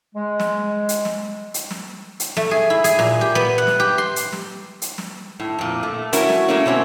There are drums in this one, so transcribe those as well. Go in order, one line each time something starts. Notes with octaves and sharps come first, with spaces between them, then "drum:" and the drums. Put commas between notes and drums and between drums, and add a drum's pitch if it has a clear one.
G#3
drum: snare
drum: hi-hat
drum: snare
drum: hi-hat
drum: snare
drum: hi-hat
A3, drum: snare
G#4
E4
G#4, drum: hi-hat
A#2, drum: snare
G4
B3
F#5
drum: snare
G4
C6
drum: hi-hat
drum: snare
drum: hi-hat
drum: snare
A2
F2 A#2
A3
A3 C#4 E4 F#4 A#4, drum: hi-hat
drum: snare
A3 A#3 C#4
B2 C4 C#4 F#4